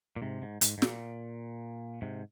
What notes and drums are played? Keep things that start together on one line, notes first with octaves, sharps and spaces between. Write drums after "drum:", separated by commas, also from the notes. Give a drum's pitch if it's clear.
A#2
G#2 C3
G#2
G#2, drum: hi-hat
G#2
A#2, drum: snare
G#2 C3